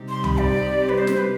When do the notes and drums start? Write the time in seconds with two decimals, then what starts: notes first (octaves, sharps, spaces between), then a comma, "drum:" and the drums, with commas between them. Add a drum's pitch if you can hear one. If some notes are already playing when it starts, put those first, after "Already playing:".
Already playing: C3 G3 C4 D#4 G4
0.09 C6
0.24 B5, drum: tom
0.38 D5
0.89 B4
0.98 C5
1.07 drum: snare
1.17 B4